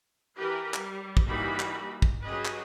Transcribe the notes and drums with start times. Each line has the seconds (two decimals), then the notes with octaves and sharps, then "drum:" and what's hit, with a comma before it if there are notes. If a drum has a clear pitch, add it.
0.37 E3 G4 A#4 B4
0.74 G3, drum: clap
1.17 drum: kick
1.27 E3 G3 A#3 D#4 F#4 B5
1.60 drum: clap
2.02 drum: kick
2.24 F#3 C#4 G4 G#4 B4 D#5
2.45 drum: clap